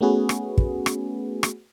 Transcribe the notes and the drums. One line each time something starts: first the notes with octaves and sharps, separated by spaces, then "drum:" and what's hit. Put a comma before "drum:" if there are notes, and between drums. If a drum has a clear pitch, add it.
A3 B3 C#4 F#4 G#4 B4
drum: rim click
drum: kick
drum: rim click
drum: rim click